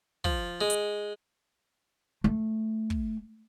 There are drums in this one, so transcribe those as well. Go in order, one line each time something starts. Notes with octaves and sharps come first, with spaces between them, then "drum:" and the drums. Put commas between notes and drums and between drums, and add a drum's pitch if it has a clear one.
F3, drum: kick
G#3
drum: hi-hat
A3
drum: kick